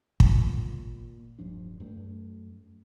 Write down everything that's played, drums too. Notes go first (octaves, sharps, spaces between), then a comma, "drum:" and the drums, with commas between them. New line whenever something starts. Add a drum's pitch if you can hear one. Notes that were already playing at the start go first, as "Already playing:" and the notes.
A#2, drum: kick
D1 G2 F3 D4
F#2 A3